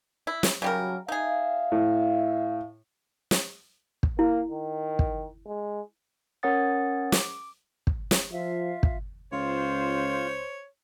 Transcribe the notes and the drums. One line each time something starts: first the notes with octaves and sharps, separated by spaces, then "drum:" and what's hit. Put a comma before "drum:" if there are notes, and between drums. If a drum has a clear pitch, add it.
E4
drum: snare
C#3 F#3 G3 A#4
D#4 G#4 E5 F5
A2
drum: snare
drum: kick
A#3 E4
D#3
drum: kick
G#3
C#4 A#4 C#5 F#5 D#6 A6
D6, drum: snare
drum: kick
drum: snare
F3 F4 E5 F5
drum: kick
C#2 F4 C5 C#5